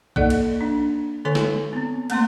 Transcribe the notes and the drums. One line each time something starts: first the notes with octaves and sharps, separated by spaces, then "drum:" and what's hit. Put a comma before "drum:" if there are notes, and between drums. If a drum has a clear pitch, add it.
A#3 D#4 A4 D5 D#5 F#5, drum: kick A#1
drum: cymbal
D4
D3 A4 C#5 G#5 C#6
drum: snare
B3 C4
A3 A#3 C4 F5 C6, drum: cymbal